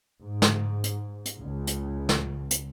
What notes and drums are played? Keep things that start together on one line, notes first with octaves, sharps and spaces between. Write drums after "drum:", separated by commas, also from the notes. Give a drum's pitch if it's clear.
G#2
drum: snare
drum: hi-hat
drum: hi-hat
C#2
drum: hi-hat
drum: snare
drum: hi-hat